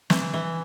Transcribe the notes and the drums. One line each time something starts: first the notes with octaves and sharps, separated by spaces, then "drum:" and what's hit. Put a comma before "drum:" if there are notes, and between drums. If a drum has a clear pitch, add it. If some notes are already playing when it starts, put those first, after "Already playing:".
E3, drum: snare
E3